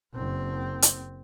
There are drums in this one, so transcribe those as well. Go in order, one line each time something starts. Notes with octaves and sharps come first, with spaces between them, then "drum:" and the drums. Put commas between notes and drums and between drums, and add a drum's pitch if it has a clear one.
F#1 C4
drum: hi-hat